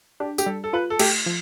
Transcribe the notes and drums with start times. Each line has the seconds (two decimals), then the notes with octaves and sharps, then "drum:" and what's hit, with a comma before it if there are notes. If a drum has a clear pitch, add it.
0.20 D4 G4
0.38 G4, drum: tambourine
0.46 G3 A4
0.64 A4
0.73 F4 B4
0.90 A4
0.99 A3 G4, drum: cymbal
1.26 F3